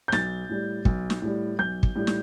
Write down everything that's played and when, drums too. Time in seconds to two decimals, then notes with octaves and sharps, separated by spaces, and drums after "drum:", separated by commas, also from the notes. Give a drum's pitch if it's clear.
0.08 G6
0.12 B1 A6, drum: snare
0.49 A2 G3
0.85 B1, drum: kick
1.10 drum: snare
1.22 A2 G3
1.59 B1 G6
1.83 drum: kick
1.95 A2 G3
2.07 drum: snare